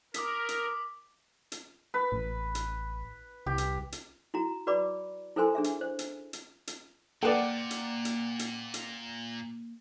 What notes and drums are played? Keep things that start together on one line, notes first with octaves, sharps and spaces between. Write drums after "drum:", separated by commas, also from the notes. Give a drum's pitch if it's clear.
A#4 D6 D#6 B6, drum: hi-hat
drum: hi-hat
drum: hi-hat
B4
A1
drum: hi-hat
C2 G4
drum: hi-hat
drum: hi-hat
E4 F#4 A#5
F#4 B4 D5 B5 D6
E4 A4 A#4 C5 G#5 C6
D4 G#4 E5
drum: hi-hat
C5
drum: hi-hat
drum: hi-hat
drum: hi-hat
A#2 A#3 A4 B4 D5 F#5 G5
drum: hi-hat
drum: hi-hat
drum: hi-hat
drum: hi-hat